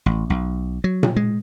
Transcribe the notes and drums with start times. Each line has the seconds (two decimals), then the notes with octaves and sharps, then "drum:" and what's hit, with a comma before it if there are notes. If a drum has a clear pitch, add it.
0.06 A1
0.30 B1
0.84 F#3
1.03 drum: tom A#2
1.16 G#3